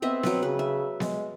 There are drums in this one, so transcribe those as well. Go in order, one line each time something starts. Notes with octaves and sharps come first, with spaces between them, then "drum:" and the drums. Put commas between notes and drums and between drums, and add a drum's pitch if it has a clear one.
B3 C4 D#5 E5
F#3 B4, drum: snare B3
C#3 B4
E5
G#3, drum: snare B3